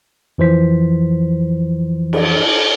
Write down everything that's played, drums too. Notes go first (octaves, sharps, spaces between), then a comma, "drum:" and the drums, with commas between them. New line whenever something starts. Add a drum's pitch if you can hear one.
F2 E3 F3 C5 B6
drum: cymbal